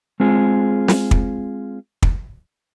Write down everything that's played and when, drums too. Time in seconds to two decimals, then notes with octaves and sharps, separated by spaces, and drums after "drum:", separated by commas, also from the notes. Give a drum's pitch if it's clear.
0.20 G#3 C4 F4 G#4
0.88 drum: snare
1.11 drum: kick
2.03 drum: kick